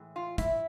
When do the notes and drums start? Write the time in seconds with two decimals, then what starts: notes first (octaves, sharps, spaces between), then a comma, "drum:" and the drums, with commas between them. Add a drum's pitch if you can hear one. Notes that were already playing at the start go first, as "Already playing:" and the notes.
Already playing: A2 E3 G#3
0.16 F4
0.38 E4, drum: kick, hi-hat